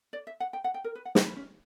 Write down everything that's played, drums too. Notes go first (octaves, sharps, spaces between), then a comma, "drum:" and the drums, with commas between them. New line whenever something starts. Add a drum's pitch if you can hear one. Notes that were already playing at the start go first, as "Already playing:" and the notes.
D5
E5
F#5
G5
F#5
G5
A#4
B4
F#5
G5, drum: snare
B4
C#4